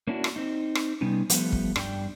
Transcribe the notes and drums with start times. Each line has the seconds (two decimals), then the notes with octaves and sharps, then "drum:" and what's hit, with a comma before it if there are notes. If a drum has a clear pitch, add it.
0.07 A#3 C#4 D4 E4 F#4
0.24 drum: rim click
0.36 C4 D#4
0.75 drum: rim click
1.01 C3 G3 B3 C#4 D#4
1.30 F3 G3 A3 B3, drum: hi-hat
1.52 drum: kick
1.76 G2 D4 G4 G5, drum: rim click